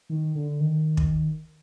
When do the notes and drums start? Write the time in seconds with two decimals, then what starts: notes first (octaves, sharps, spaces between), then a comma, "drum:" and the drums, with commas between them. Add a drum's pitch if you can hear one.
0.09 D#3
0.35 D3
0.60 D#3
0.97 drum: kick